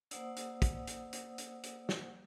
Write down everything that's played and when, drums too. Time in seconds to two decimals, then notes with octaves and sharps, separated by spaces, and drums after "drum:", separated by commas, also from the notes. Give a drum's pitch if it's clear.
0.11 A#3 C5 D5 F#5 D#6 E6, drum: hi-hat
0.36 drum: hi-hat
0.62 drum: kick, hi-hat
0.87 drum: hi-hat
1.13 drum: hi-hat
1.38 drum: hi-hat
1.63 drum: hi-hat
1.89 drum: snare